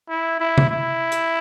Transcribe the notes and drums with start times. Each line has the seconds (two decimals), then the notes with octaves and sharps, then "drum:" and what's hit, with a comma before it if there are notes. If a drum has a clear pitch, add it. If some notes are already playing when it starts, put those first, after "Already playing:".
0.09 E4
0.40 E4
0.58 drum: tom C3
0.70 E4
1.12 drum: hi-hat